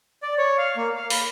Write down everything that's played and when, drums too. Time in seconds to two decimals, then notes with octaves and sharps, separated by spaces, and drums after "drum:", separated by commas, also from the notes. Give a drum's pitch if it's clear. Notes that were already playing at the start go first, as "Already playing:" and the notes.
0.23 D5
0.38 C#5
0.58 F5
0.76 A#3
0.96 F5
1.10 B5, drum: open hi-hat